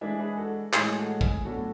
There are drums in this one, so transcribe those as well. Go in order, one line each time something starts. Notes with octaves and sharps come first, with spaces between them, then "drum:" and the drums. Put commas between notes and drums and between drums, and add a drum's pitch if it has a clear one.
E3 G#3 D4 E5 G#5
G#4 B4
F#4 A4
A2 E3 G#3 C#4 G#4, drum: clap
F#4 A4
G#4, drum: kick
A2 F#3 B3 D4 F#4 A4